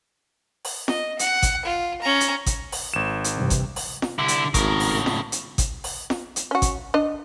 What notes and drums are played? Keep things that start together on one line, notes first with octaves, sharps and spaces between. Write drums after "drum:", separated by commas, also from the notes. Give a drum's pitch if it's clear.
drum: open hi-hat
D#5, drum: snare
F#5, drum: hi-hat
drum: kick, hi-hat
F4
C#4 A#5
drum: hi-hat
drum: kick, hi-hat
drum: open hi-hat
G#1 E7
drum: hi-hat
G2 C3 E3
drum: kick, hi-hat
drum: open hi-hat
drum: snare
C2 D3 E4
drum: hi-hat
G#1 A2 C#3 A#4, drum: kick, hi-hat
drum: open hi-hat
drum: snare
drum: hi-hat
drum: kick, hi-hat
drum: open hi-hat
drum: snare
drum: hi-hat
C#4 F#4
drum: kick, hi-hat
D4 D#5